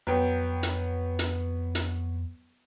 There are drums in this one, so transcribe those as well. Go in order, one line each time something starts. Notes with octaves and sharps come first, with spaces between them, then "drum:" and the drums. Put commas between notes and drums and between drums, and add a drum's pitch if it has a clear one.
F2 F#3 B3 G5
drum: hi-hat
drum: hi-hat
drum: hi-hat